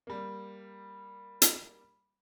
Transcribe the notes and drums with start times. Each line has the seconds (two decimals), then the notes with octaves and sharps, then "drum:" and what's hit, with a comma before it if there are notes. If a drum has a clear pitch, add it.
0.07 G3 A#3
1.42 drum: hi-hat